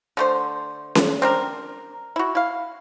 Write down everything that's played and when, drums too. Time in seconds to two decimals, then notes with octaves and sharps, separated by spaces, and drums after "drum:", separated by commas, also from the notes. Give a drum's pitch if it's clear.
0.17 D3 A3 C5
0.95 drum: snare C#4
1.22 C4 D4 A#4
2.16 E4 F#4
2.35 E4 F5